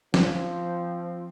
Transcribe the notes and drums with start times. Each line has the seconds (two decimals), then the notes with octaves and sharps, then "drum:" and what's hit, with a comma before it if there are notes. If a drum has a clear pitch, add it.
0.14 F3 C4, drum: snare